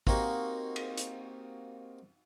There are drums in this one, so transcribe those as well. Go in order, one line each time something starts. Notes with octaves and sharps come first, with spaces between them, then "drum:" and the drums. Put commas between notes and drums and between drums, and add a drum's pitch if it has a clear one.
A#3 C4 D#4 F#4 G4 A#4, drum: kick
drum: cymbal
drum: hi-hat